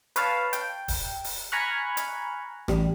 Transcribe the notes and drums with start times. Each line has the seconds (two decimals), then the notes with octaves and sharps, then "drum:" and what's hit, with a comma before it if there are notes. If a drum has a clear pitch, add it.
0.16 B4 C#5 F5 A5, drum: hi-hat
0.53 G5, drum: hi-hat
0.88 drum: kick D1, open hi-hat
1.24 drum: open hi-hat
1.52 G#5 A#5 B5 C#6 F6 F#6
1.97 drum: hi-hat
2.68 A1 G3, drum: rim click